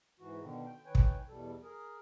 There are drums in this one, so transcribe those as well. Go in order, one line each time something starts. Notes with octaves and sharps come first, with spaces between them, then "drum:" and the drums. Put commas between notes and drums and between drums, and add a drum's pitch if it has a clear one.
G#2 E3 F#4
B2 D3 D#3
G5
D#3 B4 C#5 G5 G#5
drum: kick
E2 B2 G3 A4
G#4 A#4